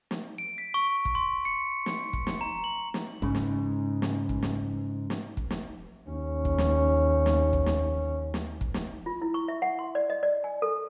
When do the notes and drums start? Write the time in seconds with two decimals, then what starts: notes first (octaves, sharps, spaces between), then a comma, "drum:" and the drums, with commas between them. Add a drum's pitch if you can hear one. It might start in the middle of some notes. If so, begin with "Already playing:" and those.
0.11 drum: snare
0.38 D7
0.58 B6
0.74 C#6
1.05 drum: kick
1.15 C6
1.45 C#7
1.86 drum: snare
2.13 drum: kick
2.27 drum: snare
2.41 A#5
2.64 F#7
2.94 drum: snare
3.22 G#2 C#3, drum: kick
3.35 drum: snare
4.02 drum: snare
4.29 drum: kick
4.43 drum: snare
5.10 drum: snare
5.37 drum: kick
5.51 drum: snare
6.09 D#2 C#4
6.45 drum: kick
6.58 drum: snare
7.26 drum: snare
7.53 drum: kick
7.66 drum: snare
8.34 drum: snare
8.61 drum: kick
8.74 drum: snare
9.06 F4
9.22 E4
9.34 C#6
9.48 E5
9.62 F#5
9.79 C6
9.95 D5
10.10 D#5
10.23 D5
10.44 G#5
10.62 A4